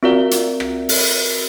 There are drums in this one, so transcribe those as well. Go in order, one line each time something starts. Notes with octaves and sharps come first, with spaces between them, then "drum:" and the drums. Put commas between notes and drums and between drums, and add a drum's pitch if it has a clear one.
C4 F4 F#4 A#4 D5 E5
drum: hi-hat
drum: rim click
drum: open hi-hat